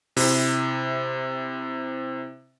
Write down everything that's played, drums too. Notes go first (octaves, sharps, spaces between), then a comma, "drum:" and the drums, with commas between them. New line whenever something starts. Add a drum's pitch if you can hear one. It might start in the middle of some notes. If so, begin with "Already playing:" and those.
C3 E4, drum: open hi-hat